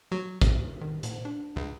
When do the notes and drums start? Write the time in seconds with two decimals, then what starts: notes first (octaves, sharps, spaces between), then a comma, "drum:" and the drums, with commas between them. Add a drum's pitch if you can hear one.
0.12 F#3
0.41 C#2, drum: kick A1, hi-hat
0.81 D#3
1.03 A#2, drum: hi-hat
1.25 D4
1.56 C#2